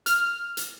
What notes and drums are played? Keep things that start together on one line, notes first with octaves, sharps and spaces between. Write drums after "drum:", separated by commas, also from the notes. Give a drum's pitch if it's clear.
F6, drum: hi-hat
drum: hi-hat